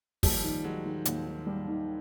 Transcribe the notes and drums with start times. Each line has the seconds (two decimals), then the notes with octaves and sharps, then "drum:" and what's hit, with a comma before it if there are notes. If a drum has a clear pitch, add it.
0.23 D#2 F3 G3, drum: kick, open hi-hat
0.44 D#3
0.64 D#3 F#3 G#3
0.85 D#3
1.05 D#2, drum: hi-hat
1.27 D#3
1.46 G3
1.68 D#3